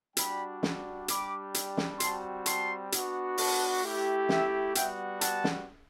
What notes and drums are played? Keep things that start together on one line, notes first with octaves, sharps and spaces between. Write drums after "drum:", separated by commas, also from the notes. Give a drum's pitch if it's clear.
G3 D4 F#4 G5 B5, drum: hi-hat
drum: snare
G3 D4 G4 B5 D6, drum: hi-hat
drum: hi-hat
drum: snare
G3 C4 F#4 A5 C6, drum: hi-hat
A5 C6, drum: hi-hat
B3 D4 F#4, drum: hi-hat
F#5 A5, drum: open hi-hat
A3 E4 G4
E5 G5, drum: snare
G3 B3 F#4 E5 G5, drum: hi-hat
F#5 A5, drum: hi-hat
drum: snare